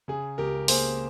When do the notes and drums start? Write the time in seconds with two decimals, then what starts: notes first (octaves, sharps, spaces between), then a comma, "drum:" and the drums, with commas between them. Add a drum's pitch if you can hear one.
0.08 C#3 G#4
0.38 C#2 G4 A#4
0.68 A#3 G#4 C5, drum: open hi-hat